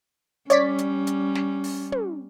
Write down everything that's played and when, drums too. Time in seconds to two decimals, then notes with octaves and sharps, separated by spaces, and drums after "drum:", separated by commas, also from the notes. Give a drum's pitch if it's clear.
0.50 G3 C#4 C#5 D5 B6, drum: hi-hat
0.78 drum: hi-hat
1.07 drum: hi-hat
1.35 drum: snare
1.64 drum: open hi-hat
1.92 drum: tom